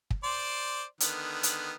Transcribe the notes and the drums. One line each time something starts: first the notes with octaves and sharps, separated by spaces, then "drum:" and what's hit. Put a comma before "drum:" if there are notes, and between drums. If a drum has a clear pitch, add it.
drum: kick
C5 D5 C6
D3 D#3 B3, drum: hi-hat
drum: hi-hat